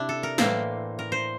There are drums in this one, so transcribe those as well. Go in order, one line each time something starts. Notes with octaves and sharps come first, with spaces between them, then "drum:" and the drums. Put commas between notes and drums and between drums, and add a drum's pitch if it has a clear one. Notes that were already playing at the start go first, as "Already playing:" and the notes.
Already playing: C3 D4 E4
A4
A#4
A2 E3 A#3 C5, drum: snare
A#4
C5